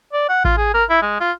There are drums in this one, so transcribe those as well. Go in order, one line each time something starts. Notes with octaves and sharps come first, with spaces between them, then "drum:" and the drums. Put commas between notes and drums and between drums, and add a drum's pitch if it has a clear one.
D5
F#5
F4, drum: kick A1
G#4
A#4
E4
G#3
F4